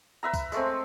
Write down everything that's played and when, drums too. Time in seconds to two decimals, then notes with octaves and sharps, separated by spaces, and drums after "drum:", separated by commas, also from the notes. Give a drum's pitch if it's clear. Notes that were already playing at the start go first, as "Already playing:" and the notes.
0.23 B4 E5 A#5
0.34 drum: kick C2, tambourine
0.52 G#3 A3 C4, drum: tambourine